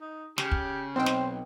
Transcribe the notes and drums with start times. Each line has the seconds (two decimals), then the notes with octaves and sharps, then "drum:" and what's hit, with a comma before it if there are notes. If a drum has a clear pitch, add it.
0.01 D#4
0.38 C#3 G4, drum: snare
0.52 drum: kick
0.96 B1 C4 D#4 C5 G5
1.06 drum: snare